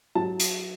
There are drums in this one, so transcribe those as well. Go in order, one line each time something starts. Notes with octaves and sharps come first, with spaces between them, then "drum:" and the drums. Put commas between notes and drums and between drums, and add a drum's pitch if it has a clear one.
F#3 A5
drum: hi-hat